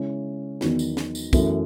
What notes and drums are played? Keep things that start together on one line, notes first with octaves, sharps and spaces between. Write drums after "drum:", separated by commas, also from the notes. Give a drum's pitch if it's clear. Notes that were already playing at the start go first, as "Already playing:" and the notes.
Already playing: C#3 G#3 C#4 E4
E2 D#3 F#3 B3, drum: snare
drum: tambourine
drum: snare
drum: tambourine
F#2 E3 A3 E4, drum: kick, tambourine